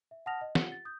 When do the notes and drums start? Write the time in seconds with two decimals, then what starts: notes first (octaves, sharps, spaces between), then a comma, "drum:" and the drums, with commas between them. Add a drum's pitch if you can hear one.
0.11 E5
0.26 F#5 A5 D#6 F6 A#6 F7
0.41 D#5
0.55 F4 G4 F#5 C#7 G7, drum: snare
0.72 A6
0.85 D#6 G6